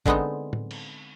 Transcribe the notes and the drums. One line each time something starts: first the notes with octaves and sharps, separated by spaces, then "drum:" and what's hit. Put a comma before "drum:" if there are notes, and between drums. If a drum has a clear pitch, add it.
D3 G#3 B3 C4 D#4, drum: kick G#1
drum: tom A2
drum: cymbal